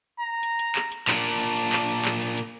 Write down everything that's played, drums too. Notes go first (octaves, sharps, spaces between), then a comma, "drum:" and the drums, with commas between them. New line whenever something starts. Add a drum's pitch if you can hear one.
A#5
drum: hi-hat
drum: hi-hat
drum: clap
drum: hi-hat
A#2 D4 A5, drum: clap
drum: hi-hat
drum: hi-hat
drum: hi-hat
drum: clap
drum: hi-hat
drum: clap
drum: hi-hat
drum: hi-hat